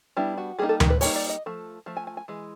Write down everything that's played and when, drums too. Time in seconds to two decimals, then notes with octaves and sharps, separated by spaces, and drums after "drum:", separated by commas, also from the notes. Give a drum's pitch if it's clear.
0.17 G3 B3 D4 E4
0.38 F#4
0.59 G3 A#3 D#4 G#4
0.69 A4
0.80 A#4, drum: tom D2
0.90 B4
1.01 G3 A#3 D#4 C#5, drum: open hi-hat
1.16 D5
1.29 D#5
1.46 F3 A3
1.86 F3 A3
1.97 G#5
2.07 G#5
2.17 G#5
2.28 E3 G#3